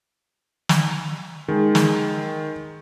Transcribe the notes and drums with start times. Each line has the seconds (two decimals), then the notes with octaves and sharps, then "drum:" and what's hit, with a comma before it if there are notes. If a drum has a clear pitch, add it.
0.69 drum: snare
1.48 D#3 G#3
1.75 drum: snare